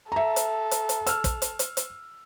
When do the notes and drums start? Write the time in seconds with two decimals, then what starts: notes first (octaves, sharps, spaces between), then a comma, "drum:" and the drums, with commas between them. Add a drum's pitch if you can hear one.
0.12 A4 E5 A#5
0.36 drum: hi-hat
0.71 drum: hi-hat
0.89 drum: hi-hat
1.07 E6 F6, drum: hi-hat
1.24 drum: kick, hi-hat
1.42 drum: hi-hat
1.59 drum: hi-hat
1.77 drum: hi-hat